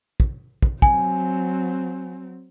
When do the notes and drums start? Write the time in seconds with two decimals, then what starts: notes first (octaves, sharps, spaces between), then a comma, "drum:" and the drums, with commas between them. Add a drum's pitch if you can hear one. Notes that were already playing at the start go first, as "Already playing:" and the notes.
0.20 drum: kick
0.62 drum: kick
0.82 F#3 C4 G#5, drum: kick